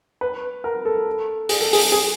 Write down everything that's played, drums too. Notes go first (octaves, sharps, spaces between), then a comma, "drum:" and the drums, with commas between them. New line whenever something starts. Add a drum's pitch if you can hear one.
B4
A#4
A4
G#4, drum: open hi-hat
A4
G#4, drum: open hi-hat
G#4